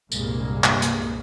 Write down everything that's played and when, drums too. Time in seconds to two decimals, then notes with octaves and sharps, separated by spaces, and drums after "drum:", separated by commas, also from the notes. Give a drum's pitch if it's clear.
0.12 C2 G2 A#2 G#3 A#3, drum: tambourine
0.64 drum: clap
0.82 drum: hi-hat